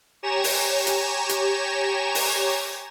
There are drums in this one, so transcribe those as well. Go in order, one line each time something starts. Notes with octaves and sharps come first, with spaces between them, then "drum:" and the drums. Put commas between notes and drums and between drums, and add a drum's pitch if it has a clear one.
G4 C#5 G#5 A#5 E7
drum: open hi-hat
drum: hi-hat
drum: hi-hat
drum: open hi-hat